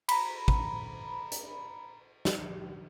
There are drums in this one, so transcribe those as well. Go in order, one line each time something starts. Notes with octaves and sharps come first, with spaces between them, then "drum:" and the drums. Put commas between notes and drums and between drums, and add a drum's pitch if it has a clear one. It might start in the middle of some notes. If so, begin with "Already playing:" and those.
A#5 B5, drum: cymbal
drum: kick
drum: hi-hat
drum: snare